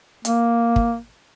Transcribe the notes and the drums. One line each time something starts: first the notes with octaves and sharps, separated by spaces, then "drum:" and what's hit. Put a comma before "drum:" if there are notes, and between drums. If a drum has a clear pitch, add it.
A#3, drum: hi-hat
drum: kick